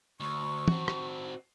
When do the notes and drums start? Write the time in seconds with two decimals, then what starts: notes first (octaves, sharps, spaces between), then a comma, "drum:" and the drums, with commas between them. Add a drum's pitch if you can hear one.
0.20 D2 C#6
0.68 C4 F#4, drum: tom
0.88 drum: rim click